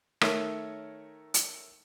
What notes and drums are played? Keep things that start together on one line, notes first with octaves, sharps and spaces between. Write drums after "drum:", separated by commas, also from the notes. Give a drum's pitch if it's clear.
D#3 A3 A#4 C#5, drum: rim click
drum: hi-hat